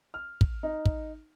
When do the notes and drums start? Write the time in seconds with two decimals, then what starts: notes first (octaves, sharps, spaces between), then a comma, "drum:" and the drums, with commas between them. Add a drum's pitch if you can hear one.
0.14 F6
0.41 drum: kick
0.63 D#4
0.85 drum: kick